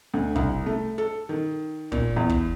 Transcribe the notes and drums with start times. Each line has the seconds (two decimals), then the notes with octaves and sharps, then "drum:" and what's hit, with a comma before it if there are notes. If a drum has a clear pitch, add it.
0.14 D2
0.35 C2, drum: kick
0.66 A3
0.98 A4
1.29 D#3
1.92 A#2, drum: kick
2.16 E2
2.29 drum: kick